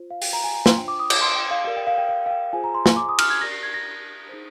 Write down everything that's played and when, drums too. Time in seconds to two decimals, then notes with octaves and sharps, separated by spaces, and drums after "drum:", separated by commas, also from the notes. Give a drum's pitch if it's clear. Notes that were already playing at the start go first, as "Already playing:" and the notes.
Already playing: F4 C5
0.11 F5
0.21 G5, drum: open hi-hat
0.33 A#5
0.44 G#5
0.55 A#5
0.66 C6, drum: snare
0.77 D4 F4 C5 G5
0.88 D6
0.99 D#6
1.10 D6, drum: cymbal
1.21 C6
1.36 G5
1.51 F5
1.64 G4 A#4 D5 F5
1.77 G5
1.87 F5
1.98 G5
2.09 F5
2.26 F5
2.31 G5
2.53 F4 G#4 C5 G#5
2.64 A#5
2.74 C6
2.86 G#5, drum: snare
2.97 D6
3.09 D#6
3.19 F6, drum: cymbal
3.30 G#6
3.41 G4 A#4 D5 A#6
3.52 C7
3.63 G#6
3.74 A#6
4.29 D#4 G#4 C5